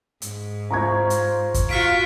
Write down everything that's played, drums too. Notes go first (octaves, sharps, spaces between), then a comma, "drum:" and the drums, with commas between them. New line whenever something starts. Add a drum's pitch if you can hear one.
G#2, drum: hi-hat
F4 C5 A#5 C#6 G#6
drum: hi-hat
drum: kick, hi-hat
F4 F#4 F5 F6 B6 D7